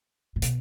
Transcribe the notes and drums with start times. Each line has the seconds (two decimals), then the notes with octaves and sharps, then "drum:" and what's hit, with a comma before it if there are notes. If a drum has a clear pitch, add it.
0.36 A#2
0.42 B2, drum: hi-hat